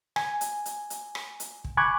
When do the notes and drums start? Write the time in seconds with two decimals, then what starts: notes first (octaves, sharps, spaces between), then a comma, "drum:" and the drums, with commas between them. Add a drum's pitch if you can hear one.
0.16 G#5, drum: rim click
0.41 drum: hi-hat
0.66 drum: hi-hat
0.90 drum: hi-hat
1.15 drum: rim click
1.40 drum: hi-hat
1.64 drum: kick
1.77 G#5 B5 C#6 D6 F#6 G#6